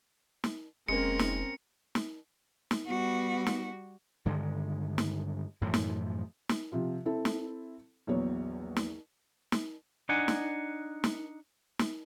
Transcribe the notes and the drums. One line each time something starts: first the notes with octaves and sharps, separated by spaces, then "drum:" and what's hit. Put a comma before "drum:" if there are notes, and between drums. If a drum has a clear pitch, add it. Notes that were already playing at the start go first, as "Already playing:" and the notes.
drum: snare
F1 G#3 A#3 C4 C#4 A#4 C#7
drum: snare
drum: snare
drum: snare
G3 B3 F#4
drum: snare
G2 D3 D#3 G#3
drum: snare
F#2 A2 E3 F3
drum: snare
drum: snare
C3 F3 F4
C4 E4 A4
drum: snare
A#1 E2 F#3 B3 C#5
drum: snare
drum: snare
D4 D#4 F#5 G#5
drum: snare
drum: snare
drum: snare